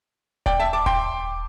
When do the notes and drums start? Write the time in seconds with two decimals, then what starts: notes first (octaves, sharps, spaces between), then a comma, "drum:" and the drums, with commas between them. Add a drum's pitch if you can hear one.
0.46 D5 G5, drum: kick D#1
0.60 E5 A5
0.73 A5 D6
0.86 G5 C6, drum: kick D#1